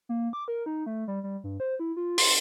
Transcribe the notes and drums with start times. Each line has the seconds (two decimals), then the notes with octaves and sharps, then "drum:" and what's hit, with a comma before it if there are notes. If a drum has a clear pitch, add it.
0.09 A#3
0.33 D6
0.48 A#4
0.66 D#4
0.86 A3
1.08 G3
1.24 G3
1.44 G2
1.60 C5
1.79 E4
1.97 F4
2.18 C6, drum: open hi-hat